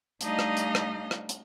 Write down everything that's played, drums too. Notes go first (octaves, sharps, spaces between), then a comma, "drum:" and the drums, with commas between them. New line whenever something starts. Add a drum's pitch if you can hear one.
G3 A3 D4 D#4 D#5 F5, drum: hi-hat
drum: rim click
drum: hi-hat
drum: rim click
drum: rim click
drum: hi-hat